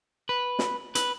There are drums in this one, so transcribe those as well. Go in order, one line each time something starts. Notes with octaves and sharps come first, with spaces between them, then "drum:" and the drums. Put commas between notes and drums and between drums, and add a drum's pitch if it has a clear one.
B4
drum: snare
B4, drum: hi-hat